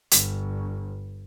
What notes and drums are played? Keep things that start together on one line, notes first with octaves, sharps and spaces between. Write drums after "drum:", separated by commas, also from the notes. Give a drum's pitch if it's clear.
G1, drum: hi-hat